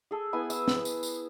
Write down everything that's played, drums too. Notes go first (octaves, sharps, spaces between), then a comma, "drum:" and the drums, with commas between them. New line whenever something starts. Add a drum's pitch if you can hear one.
G#4 A4
B3 E4 G#5
E6, drum: tambourine
drum: snare
drum: tambourine
drum: tambourine